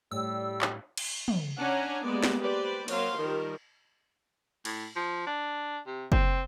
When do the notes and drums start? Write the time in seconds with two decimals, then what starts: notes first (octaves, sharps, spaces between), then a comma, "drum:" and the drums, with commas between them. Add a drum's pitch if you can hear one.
0.11 A2 G3 A4 C#5 E6
0.62 drum: clap
0.97 drum: cymbal
1.28 drum: tom
1.58 C#4 D4 F#5 G#5 A#5
2.05 G3 G#3 A#3 B3 D5
2.24 drum: snare
2.41 G4 B4 C5 D5
2.88 F#3 A#3 C4 F5 C6, drum: cymbal
3.18 D#3 F3 G3 A#4
4.65 A2, drum: cymbal
4.96 F3
5.26 D4
5.87 C3
6.12 C4, drum: kick